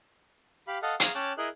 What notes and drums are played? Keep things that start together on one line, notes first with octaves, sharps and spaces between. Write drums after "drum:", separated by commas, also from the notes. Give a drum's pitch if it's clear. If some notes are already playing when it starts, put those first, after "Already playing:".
G4 F5 B5
A4 D#5 F5 F#5
G#4 F5 G#5 A#5, drum: hi-hat
C#4 C#5 G5 A5 D6 F#6
E4 G#4 A#4 D#5 F#6